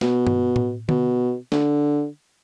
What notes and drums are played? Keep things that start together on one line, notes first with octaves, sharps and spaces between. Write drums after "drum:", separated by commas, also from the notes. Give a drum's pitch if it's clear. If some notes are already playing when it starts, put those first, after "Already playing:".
B2, drum: snare
drum: tom G2
drum: tom A2
B2, drum: tom D3
D3, drum: snare